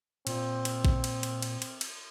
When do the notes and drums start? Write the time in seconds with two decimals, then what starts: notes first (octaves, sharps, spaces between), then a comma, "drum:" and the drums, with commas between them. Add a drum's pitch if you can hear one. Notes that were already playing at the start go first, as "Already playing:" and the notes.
0.27 A#2 C4, drum: cymbal
0.65 drum: cymbal
0.85 drum: kick A#1
1.04 drum: cymbal
1.23 drum: cymbal
1.42 drum: cymbal
1.62 drum: cymbal
1.81 drum: cymbal